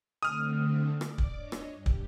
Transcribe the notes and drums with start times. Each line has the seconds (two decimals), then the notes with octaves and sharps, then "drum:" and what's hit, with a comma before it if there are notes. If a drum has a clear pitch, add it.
0.23 D3 A3 C4 D#6 F6
1.01 D5 D6, drum: rim click
1.18 drum: kick
1.35 D4 C#5 D#5
1.52 drum: rim click
1.74 G2 G4
1.86 drum: kick